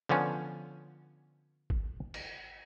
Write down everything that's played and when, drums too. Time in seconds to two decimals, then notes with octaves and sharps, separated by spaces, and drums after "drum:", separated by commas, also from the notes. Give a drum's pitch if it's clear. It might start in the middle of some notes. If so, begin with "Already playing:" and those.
0.09 D3 F3 B3 C#4
1.70 drum: kick G1
2.14 drum: cymbal